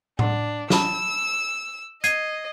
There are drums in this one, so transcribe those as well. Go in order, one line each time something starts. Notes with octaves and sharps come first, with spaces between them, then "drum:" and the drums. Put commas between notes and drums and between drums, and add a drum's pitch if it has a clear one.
D4 F#5 C6, drum: tom A2
A5 B5 D#6 E6, drum: snare
D#5 G#6 C7 D#7, drum: hi-hat